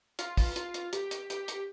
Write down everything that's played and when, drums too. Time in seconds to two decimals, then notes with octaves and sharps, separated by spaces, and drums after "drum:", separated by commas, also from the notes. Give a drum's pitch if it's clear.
0.19 F4, drum: hi-hat
0.37 drum: kick, open hi-hat
0.56 F4, drum: hi-hat
0.74 drum: hi-hat
0.93 G4, drum: hi-hat
1.11 drum: hi-hat
1.30 G4, drum: hi-hat
1.48 drum: hi-hat